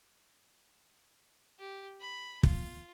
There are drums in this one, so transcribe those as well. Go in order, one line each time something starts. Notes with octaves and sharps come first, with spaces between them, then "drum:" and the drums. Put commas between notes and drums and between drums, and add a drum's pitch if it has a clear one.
G4
B5
F4, drum: kick